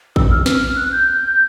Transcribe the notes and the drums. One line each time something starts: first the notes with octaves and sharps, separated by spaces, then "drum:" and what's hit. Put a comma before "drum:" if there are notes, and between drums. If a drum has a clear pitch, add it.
E6, drum: kick
F6
drum: snare
F#6
G6
G6